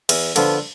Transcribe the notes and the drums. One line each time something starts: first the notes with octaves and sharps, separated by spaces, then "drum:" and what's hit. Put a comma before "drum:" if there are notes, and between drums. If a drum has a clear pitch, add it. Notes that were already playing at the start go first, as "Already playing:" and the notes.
E2, drum: cymbal
D3 F3 B3, drum: cymbal